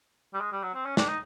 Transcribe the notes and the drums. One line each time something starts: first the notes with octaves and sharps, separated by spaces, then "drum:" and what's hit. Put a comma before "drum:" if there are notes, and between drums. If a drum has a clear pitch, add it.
G3
G#3
G3
F#3
C4
C#4
D4, drum: snare
D#4